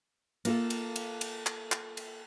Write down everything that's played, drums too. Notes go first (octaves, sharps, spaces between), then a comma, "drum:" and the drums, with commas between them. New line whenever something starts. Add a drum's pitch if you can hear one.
A#3 F4 A4, drum: cymbal
drum: cymbal
drum: cymbal
drum: cymbal
drum: clap
drum: clap
drum: cymbal